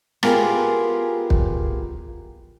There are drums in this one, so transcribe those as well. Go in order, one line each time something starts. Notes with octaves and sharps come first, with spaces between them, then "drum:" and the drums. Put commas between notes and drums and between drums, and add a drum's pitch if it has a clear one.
B3 F4 G4 G#4 A#4, drum: rim click
drum: kick